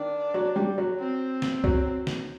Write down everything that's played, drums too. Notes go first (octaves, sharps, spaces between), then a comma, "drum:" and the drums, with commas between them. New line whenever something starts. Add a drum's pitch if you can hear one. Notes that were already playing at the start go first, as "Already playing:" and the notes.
Already playing: D#3 D4
F#3
G3
F#3
C4
drum: snare
F#3, drum: kick C2
drum: snare